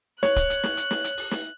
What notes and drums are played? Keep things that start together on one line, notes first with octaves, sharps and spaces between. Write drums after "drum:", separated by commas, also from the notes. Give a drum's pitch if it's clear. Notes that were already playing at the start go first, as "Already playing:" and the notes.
C#5 F#6, drum: snare
drum: kick, hi-hat
drum: hi-hat
drum: snare
drum: hi-hat
drum: snare
drum: hi-hat
drum: open hi-hat
drum: snare